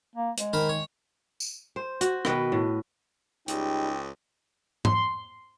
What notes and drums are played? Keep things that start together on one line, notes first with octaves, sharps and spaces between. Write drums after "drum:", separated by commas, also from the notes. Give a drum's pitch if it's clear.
A#3
G#3, drum: hi-hat
D#3 A#4 C5 B5
C#5
drum: tambourine
C5
F#4, drum: hi-hat
B2 D#3 B4 D#5, drum: rim click
A2
C#2 G3 D#4 G5, drum: hi-hat
C6, drum: tom